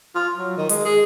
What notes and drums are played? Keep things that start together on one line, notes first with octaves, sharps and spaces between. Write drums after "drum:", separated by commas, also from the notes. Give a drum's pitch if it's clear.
F4
F#3
D#3
G#3, drum: hi-hat
G#4